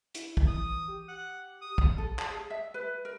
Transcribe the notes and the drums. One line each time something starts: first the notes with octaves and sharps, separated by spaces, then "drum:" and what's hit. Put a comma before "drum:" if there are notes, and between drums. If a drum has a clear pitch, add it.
E4, drum: hi-hat
drum: kick
E3 D#6
G4
F#5
D#6
drum: kick
A4
A5, drum: clap
G#4
E5
B4
A#4